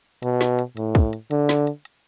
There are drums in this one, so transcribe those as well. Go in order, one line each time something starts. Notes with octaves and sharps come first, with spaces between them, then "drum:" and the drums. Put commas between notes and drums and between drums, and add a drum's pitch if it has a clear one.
B2, drum: hi-hat
drum: snare
drum: hi-hat
A2, drum: hi-hat
drum: kick, open hi-hat
drum: hi-hat
D3, drum: hi-hat
drum: snare
drum: hi-hat
drum: hi-hat